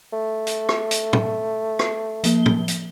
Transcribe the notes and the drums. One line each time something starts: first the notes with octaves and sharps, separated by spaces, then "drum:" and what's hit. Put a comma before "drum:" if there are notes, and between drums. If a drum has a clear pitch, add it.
A3
drum: hi-hat
drum: rim click
drum: hi-hat
drum: tom
drum: rim click
F3 A#3 G7, drum: hi-hat
drum: tom
drum: hi-hat